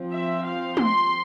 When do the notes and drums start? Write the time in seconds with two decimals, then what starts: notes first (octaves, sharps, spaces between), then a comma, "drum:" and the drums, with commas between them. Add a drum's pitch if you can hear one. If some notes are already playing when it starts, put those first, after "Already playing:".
Already playing: F3 C4
0.12 E5
0.45 F5
0.77 C6, drum: tom